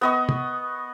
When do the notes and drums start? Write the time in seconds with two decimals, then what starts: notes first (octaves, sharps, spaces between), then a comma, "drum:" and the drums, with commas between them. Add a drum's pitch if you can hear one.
0.01 B3 D#5 C#6
0.29 drum: tom